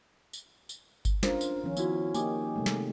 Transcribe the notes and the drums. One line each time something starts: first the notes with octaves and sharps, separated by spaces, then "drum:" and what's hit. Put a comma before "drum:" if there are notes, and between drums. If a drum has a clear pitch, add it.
drum: tambourine
drum: tambourine
drum: kick G1, tambourine
C#4 D4 F4 A#4 C5, drum: snare
drum: tambourine
D#3 F3 C#4
B3 E4 F#4, drum: tambourine
A#3 D#4 G4 G#5 D6 D#6, drum: tambourine
C3 G#3 A3
drum: snare